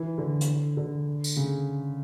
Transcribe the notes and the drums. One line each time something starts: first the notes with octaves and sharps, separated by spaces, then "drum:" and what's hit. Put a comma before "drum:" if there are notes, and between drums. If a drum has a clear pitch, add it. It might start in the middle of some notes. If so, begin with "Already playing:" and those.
Already playing: E3
D3
drum: hi-hat
D3
drum: tambourine
C#3